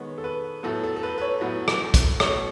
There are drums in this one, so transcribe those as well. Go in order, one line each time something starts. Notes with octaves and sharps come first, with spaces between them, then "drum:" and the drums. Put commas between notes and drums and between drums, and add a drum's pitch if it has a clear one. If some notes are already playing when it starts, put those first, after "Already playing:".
Already playing: D#3 G#3 B3 C#5
A4
B4
A2 F#3 B3 A4
A4
A4
B4
B4
C#5
A2 F#3 B3
drum: rim click
drum: kick, hi-hat
B2 A3 C#5, drum: rim click